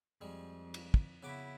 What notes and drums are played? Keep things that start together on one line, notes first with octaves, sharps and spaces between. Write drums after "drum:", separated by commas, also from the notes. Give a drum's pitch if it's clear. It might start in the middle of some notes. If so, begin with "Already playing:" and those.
F2 G3 G#3
drum: cymbal
drum: kick
C#3 B3 E4 F#4 D6